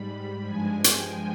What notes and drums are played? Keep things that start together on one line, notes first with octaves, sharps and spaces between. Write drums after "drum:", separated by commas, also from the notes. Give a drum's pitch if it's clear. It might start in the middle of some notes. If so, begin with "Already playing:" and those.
Already playing: G#2 G3 B5
G2 F3 G#3 G#5
G5, drum: hi-hat